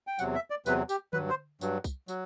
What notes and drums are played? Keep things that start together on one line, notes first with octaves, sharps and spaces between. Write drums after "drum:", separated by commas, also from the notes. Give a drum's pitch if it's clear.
G5
E2 C3 F#3 F#5, drum: tambourine
E5
D5
E2 C3 F#3 B4, drum: tambourine
G4, drum: tambourine
G2 F#3 B4, drum: tom D3
C5
G2 F#3, drum: tambourine
drum: kick C2, tambourine
F#3, drum: tambourine